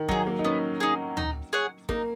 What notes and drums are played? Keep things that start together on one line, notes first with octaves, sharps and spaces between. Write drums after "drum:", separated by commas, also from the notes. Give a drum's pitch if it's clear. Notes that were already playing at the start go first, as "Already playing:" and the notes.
Already playing: D#3
F#3 D#4 G#4, drum: kick
A#3
D#4
B3 C#4
D#4 G#4
D#4, drum: tom
G#4 C#5 F#5
A#3 D#4, drum: kick